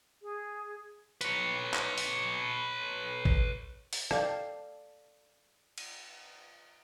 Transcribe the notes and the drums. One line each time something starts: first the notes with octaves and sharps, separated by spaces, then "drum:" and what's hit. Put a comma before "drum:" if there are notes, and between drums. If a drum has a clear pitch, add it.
G#4
B4 C#5, drum: hi-hat
drum: clap
drum: open hi-hat
drum: kick A1
drum: open hi-hat
A4 D5 F5 G5 A5, drum: rim click
drum: cymbal